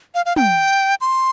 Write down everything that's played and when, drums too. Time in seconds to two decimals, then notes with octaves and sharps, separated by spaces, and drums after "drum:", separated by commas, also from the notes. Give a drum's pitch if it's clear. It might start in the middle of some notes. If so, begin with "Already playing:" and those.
0.15 F5
0.26 F5
0.36 G5, drum: tom
1.01 C6